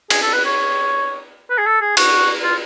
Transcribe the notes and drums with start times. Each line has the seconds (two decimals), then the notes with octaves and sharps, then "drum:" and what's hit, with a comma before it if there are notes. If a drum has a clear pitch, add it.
0.10 G#4, drum: cymbal
0.22 A4
0.34 B4
0.45 C#5
1.50 B4
1.58 G#4
1.66 A4
1.81 G#4
1.97 F#4, drum: cymbal
2.44 F4